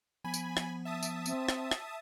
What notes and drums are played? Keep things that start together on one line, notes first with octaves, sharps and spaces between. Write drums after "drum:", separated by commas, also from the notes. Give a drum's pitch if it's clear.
F3 B3 G#5 B5
drum: tambourine
drum: rim click
E5 A5 D#6
drum: tambourine
C4, drum: tambourine
drum: rim click
drum: rim click